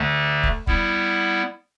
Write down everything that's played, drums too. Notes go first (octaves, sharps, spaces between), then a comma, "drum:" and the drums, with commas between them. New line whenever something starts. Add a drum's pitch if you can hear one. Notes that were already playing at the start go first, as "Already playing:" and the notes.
Already playing: D2 D3 A3
drum: kick
G3 B3 E4, drum: kick